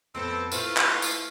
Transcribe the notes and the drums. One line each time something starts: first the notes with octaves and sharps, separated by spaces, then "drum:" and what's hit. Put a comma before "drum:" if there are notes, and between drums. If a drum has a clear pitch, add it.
F2 B3 C4 A4 C5
A3 E4 F4 B4 C5, drum: tambourine
drum: clap
drum: tambourine